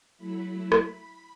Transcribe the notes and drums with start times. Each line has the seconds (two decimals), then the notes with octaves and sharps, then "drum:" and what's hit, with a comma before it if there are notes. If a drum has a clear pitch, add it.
0.18 F#3 A3 E4 B5
0.72 drum: rim click